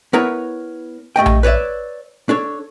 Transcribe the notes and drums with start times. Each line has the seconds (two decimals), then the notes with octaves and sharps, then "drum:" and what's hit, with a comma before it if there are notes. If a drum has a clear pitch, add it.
0.13 B3 E4 A#4 B4 C#5 A#5
1.16 G2 A3 D#5 G5
1.26 drum: tom A#1
1.43 B4 C#5 D5 E5
2.29 D4 A4 C#5